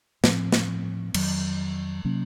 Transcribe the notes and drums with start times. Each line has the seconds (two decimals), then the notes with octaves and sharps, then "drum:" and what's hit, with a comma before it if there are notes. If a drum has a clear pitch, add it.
0.24 A2 F3 C4, drum: snare
0.52 drum: snare
1.14 F2 D#3 F#3, drum: cymbal
2.05 C3 F#3 A#3 C#4